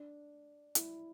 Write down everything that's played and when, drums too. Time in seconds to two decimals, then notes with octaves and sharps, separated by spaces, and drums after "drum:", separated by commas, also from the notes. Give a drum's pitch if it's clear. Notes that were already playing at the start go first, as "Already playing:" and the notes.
Already playing: D4
0.75 E4, drum: hi-hat